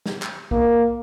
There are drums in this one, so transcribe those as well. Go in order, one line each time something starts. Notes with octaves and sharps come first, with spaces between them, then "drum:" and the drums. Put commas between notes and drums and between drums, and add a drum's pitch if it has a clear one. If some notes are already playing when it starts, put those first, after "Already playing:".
drum: snare
drum: clap
A#3, drum: kick B1